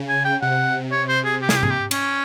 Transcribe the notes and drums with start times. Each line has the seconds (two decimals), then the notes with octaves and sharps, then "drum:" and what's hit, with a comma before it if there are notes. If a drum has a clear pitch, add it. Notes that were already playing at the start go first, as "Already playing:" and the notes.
Already playing: C#3
0.09 G#5
0.25 G5
0.42 C3 F#5
0.92 C#5
1.08 C5
1.25 G#4
1.42 G4
1.49 G#4, drum: snare
1.56 G4
1.63 G#4, drum: tom G#2
1.70 G4
1.91 C#4, drum: cymbal